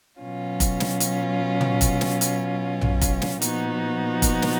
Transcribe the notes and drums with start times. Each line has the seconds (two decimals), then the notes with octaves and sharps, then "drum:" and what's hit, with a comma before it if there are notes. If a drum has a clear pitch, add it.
0.20 B2 F#3 C#4 F4
0.60 drum: kick F1, hi-hat
0.80 drum: snare
1.00 drum: hi-hat
1.61 drum: tom
1.81 drum: kick F1, hi-hat
2.01 drum: snare
2.21 drum: hi-hat
2.81 drum: tom A#1
3.01 drum: kick F1, hi-hat
3.22 drum: snare
3.42 A#2 F3 B3 D#4 F#4, drum: hi-hat
4.22 drum: kick F1, hi-hat
4.42 drum: snare